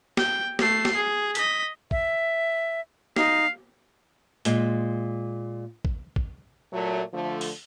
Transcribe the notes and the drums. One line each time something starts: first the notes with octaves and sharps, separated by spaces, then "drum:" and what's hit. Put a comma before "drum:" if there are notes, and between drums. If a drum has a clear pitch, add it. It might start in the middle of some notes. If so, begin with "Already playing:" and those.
G5, drum: snare
A3 C7, drum: snare
drum: snare
G#4
D#5 B6, drum: hi-hat
E5, drum: kick
D#4 F5, drum: snare
A#2 G#3, drum: hi-hat
drum: kick
drum: kick
A#2 F#3 A3
D3 F3 A3
drum: open hi-hat